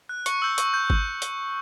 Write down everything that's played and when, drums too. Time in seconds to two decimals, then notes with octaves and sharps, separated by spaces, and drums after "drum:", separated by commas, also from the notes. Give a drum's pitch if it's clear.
0.09 F#6
0.26 C#6 C#7, drum: hi-hat
0.42 E6 G6
0.58 C#6, drum: hi-hat
0.74 G6
0.90 drum: kick G#1
1.22 drum: hi-hat